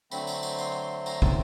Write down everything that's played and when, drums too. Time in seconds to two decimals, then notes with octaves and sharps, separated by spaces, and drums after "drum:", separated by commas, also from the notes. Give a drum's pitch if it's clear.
0.11 D3 F#3 A3 C4 B5, drum: tambourine
0.27 drum: tambourine
0.43 drum: tambourine
0.59 C6, drum: tambourine
0.82 C6
1.06 A#5, drum: tambourine
1.22 A5, drum: kick